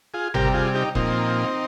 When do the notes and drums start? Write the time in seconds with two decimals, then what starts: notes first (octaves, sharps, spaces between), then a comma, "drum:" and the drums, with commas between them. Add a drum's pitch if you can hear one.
0.14 F4 G#4
0.34 C3 G3 G4 A#4, drum: tom G1
0.54 F4 G#4
0.75 D#4 G4
0.95 A#2 F3 C4 D#4, drum: kick E1